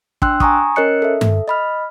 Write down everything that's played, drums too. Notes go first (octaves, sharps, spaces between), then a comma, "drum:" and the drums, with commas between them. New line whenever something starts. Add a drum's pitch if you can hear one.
D4 G5 C6 E6 F#6, drum: kick
G#5 A#5 C#6 D#6, drum: kick
C#4 A#4 C#5 D#5 F#6 C#7
A4 E5
drum: tom G2
D#5 B5 F6